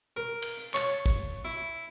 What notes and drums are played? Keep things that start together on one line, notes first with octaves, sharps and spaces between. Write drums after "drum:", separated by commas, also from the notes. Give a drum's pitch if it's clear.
A#4
drum: cymbal
C#5 A5, drum: clap
drum: kick
E4